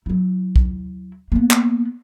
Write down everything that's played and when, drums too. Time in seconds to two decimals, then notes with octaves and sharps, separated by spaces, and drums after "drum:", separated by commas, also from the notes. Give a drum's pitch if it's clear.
0.06 F#3 E4
0.56 drum: kick
1.32 A#3 B3
1.51 drum: clap